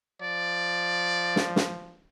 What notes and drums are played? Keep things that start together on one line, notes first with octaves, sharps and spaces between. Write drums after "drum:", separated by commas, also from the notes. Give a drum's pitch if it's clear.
F3 D5
drum: snare
drum: snare